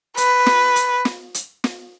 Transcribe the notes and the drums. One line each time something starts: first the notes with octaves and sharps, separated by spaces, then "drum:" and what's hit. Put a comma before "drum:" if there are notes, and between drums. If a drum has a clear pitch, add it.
B4, drum: hi-hat
drum: snare
drum: hi-hat
drum: snare
drum: hi-hat
drum: snare